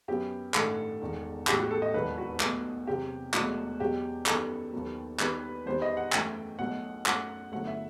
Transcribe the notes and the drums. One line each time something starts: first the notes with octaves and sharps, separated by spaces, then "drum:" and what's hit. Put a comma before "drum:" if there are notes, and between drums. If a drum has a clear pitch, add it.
F#2 F#3 B3 G4
A1 G2 D#3 A3 A4, drum: clap
E1 E2 D#3
B1 A2 E3 G4, drum: clap
F#4
A4
D#5
E1 D#2 D#3 F#3 B4
F#4
B1 B2 A3, drum: clap
E2 C3 F#3 G4
E1 E2 B2 F#3 A3 F#4, drum: clap
E2 B2 F#3 G4
F#2 D#3 G3 B3 A4, drum: clap
D#2 D#3 F#3 B3
D#2 D#3 G3 B3 B4, drum: clap
E2 D#3 G3 B3 C5
D#5
F#5
F#2 E3 A3 G5, drum: clap
B1 B2 F#3 A3 F#5
F#2 F#3 A3 F#5, drum: clap
G1 G2 F#3 A3 F#5
E5